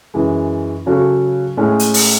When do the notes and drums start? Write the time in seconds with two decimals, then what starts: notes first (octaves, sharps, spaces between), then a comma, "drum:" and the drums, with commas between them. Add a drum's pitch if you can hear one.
0.14 F#2 E3 G#3
0.86 C#3 F#3 C#4 F#4 A4
1.57 A2 G#3 C#4
1.79 drum: hi-hat
1.94 drum: open hi-hat